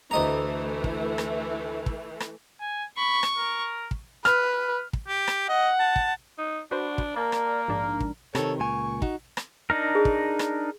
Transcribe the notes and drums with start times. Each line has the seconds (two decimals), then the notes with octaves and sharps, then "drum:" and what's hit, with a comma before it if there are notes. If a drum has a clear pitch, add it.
0.11 D2 E3 A3 D#5 A#5
0.84 drum: kick
1.18 drum: rim click
1.86 drum: kick
2.20 drum: rim click
2.60 G#5
2.97 B5 C#6
3.23 drum: rim click
3.37 A#4
3.91 drum: kick
4.25 B4 F6, drum: rim click
4.93 drum: kick
5.08 G4
5.27 drum: rim click
5.49 D#5 F#5
5.80 A5
5.96 drum: kick
6.38 D#4
6.71 D4 F#4 B4 C5
6.98 drum: kick
7.16 A#3 A#4 D5 A5
7.32 drum: rim click
7.68 A#1 G#2 D4
8.00 drum: kick
8.35 C3 D#3 A4 C#5, drum: rim click
8.60 C#2 A#2 G#5 C#6
9.02 D#4 F#4, drum: kick
9.37 drum: rim click
9.70 D4 D#4 A#4
9.95 G#4
10.05 drum: kick
10.39 drum: rim click